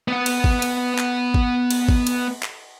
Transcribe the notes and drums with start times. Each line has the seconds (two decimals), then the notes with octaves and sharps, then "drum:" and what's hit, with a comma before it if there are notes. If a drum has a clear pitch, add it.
0.08 B3 F#5
0.26 drum: cymbal
0.44 drum: kick G#1
0.62 drum: cymbal
0.98 drum: clap
1.34 drum: kick G#1
1.71 drum: cymbal
1.89 drum: kick G#1
2.07 drum: cymbal
2.43 drum: clap